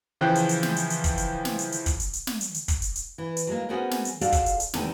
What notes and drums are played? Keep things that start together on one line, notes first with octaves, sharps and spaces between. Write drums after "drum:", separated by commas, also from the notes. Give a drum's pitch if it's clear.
C#3 E3 F3 C5 G5 F#6
drum: hi-hat
drum: hi-hat
drum: snare
drum: hi-hat
drum: hi-hat
drum: kick, hi-hat
drum: hi-hat
drum: snare
drum: hi-hat
drum: hi-hat
drum: kick, hi-hat
drum: hi-hat
drum: hi-hat
drum: snare
drum: hi-hat
drum: hi-hat
drum: kick, hi-hat
drum: hi-hat
drum: hi-hat
E3
drum: hi-hat
F#3 G#3 A#3
B3 C#4 F#4 G#4 A#4 C5
drum: snare
drum: hi-hat
F4 F#4 G#4 A4 D5 F5, drum: hi-hat
drum: kick, hi-hat
drum: hi-hat
drum: hi-hat
E2 C3 D#3 A4 G#5, drum: snare